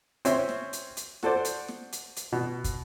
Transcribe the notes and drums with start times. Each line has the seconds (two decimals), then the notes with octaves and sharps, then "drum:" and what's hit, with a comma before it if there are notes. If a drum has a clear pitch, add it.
0.25 C4 C#4 E5 C6, drum: hi-hat
0.49 drum: snare
0.73 drum: hi-hat
0.97 drum: hi-hat
1.23 F#4 A4 C5 D5, drum: snare
1.45 drum: hi-hat
1.69 drum: snare
1.92 drum: hi-hat
2.16 drum: hi-hat
2.32 B2
2.64 drum: kick, hi-hat